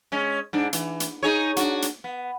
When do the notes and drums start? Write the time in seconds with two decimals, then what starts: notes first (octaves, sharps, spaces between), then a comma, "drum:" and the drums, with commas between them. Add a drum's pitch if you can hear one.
0.12 G#3 C#4
0.53 G#2 D4
0.73 E3, drum: hi-hat
1.00 drum: hi-hat
1.23 D#4 G#4 C#5
1.57 D4 F#4, drum: hi-hat
1.82 drum: hi-hat
2.04 B3